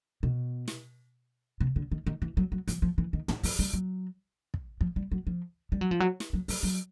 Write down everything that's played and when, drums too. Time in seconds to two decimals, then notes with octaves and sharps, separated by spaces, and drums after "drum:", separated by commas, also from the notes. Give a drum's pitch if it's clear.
0.23 B2
0.68 drum: snare
1.61 C3
1.76 D3
1.92 D#3
2.07 D#3
2.22 E3
2.37 F#3
2.52 F#3
2.68 F3, drum: hi-hat
2.82 F3
2.98 E3
3.13 D#3
3.28 E3, drum: tom
3.43 F3, drum: open hi-hat
3.59 G3
3.73 F#3
4.54 drum: kick
4.81 F3, drum: kick
4.96 G3
5.12 F#3
5.27 F3
5.72 G3
5.81 F#3
5.91 F3
6.00 F#3
6.20 drum: snare
6.33 F#3
6.48 F#3, drum: open hi-hat
6.63 F#3